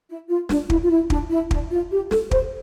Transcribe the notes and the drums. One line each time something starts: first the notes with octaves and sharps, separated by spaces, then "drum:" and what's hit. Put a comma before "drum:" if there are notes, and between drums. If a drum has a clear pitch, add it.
E4
F4
D4, drum: snare
E4, drum: kick
F4
E4
D4, drum: kick
E4
D4, drum: kick
F4
G4
A4, drum: snare
C5, drum: kick